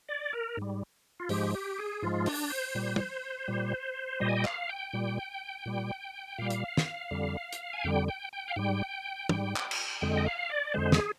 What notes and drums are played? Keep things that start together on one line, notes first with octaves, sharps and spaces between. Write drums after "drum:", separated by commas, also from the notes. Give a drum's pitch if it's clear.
D5
A#4
G#2 G3
F4
G#2 F3 G#3 G4, drum: open hi-hat
G4
G#4
G#2 F3 G#3 F4
D4, drum: open hi-hat
C5
A#2 G3
drum: tom
A#2 G3
A#2 G3 D#5
G#5
G5
F5, drum: clap
G5
A#2 G3
A#2 G3
A#2 G3 F5
drum: hi-hat
drum: snare
F2 D3 G3
drum: hi-hat
G#5
F2 D3 G3 G5
G5
G5
F5
G#2 G3 G5
G#2 G3, drum: tom
drum: clap
drum: cymbal
F2 D3 G#3 G5
D#5
F5
D5
F2 D3 G#3 C5
G#4, drum: snare